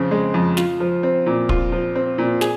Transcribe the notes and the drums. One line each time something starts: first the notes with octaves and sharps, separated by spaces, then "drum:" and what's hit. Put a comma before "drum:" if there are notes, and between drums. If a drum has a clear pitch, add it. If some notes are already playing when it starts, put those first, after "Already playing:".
Already playing: F2 C#3 C4
G#3
F2
F4, drum: snare
F3
C4
A#2
F4, drum: kick
F3
C4
A#2
G#4, drum: snare